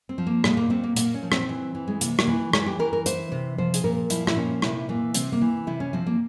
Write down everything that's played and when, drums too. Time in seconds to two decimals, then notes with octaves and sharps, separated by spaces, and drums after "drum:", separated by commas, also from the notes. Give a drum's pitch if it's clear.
0.09 C4
0.18 F3
0.27 A#3
0.44 A#2 G#3, drum: rim click
0.57 A#3
0.70 A#2 C4
0.83 A#3
0.96 A#2 A#3, drum: hi-hat
1.14 C#4
1.23 F3
1.32 C4, drum: rim click
1.49 E3
1.75 E3
1.88 G#3
2.01 C3 A#3, drum: hi-hat
2.19 A#3, drum: rim click
2.27 E3
2.53 E3 G#3, drum: rim click
2.66 G4
2.79 E3 A#4
2.93 A#4
3.06 E3 C5, drum: hi-hat
3.32 C3
3.58 F3 C5
3.74 G#4, drum: hi-hat
3.84 A#2 A#4
4.10 F3 E4, drum: hi-hat
4.27 E4, drum: rim click
4.36 A#2 C#4
4.62 C3 E4, drum: rim click
4.89 E3 A#3
5.14 C3 C4, drum: hi-hat
5.32 A#3
5.41 E3
5.67 C3 E4
5.80 C#4
5.93 F3 C4
6.07 A#3